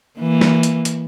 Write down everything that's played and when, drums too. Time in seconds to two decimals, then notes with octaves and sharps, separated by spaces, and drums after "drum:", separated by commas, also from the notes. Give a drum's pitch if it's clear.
0.19 E3 A#3
0.41 drum: snare
0.63 drum: hi-hat
0.85 drum: hi-hat